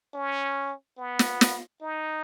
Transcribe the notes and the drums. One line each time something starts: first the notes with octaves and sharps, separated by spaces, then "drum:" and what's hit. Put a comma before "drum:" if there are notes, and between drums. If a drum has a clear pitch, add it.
C#4
B3
drum: snare
drum: snare
D#4